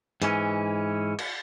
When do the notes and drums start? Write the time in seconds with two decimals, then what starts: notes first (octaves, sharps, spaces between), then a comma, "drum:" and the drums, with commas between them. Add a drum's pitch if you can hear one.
0.22 G#2 E3 C#4, drum: hi-hat
1.19 drum: cymbal